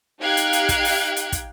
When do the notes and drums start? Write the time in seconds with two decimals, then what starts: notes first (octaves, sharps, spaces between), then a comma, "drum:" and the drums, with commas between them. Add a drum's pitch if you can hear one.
0.21 D#4 G4 F5 G5 F#6 G#6
0.37 drum: hi-hat
0.53 drum: hi-hat
0.69 drum: kick, hi-hat
0.85 drum: open hi-hat
1.17 drum: hi-hat
1.32 drum: kick, hi-hat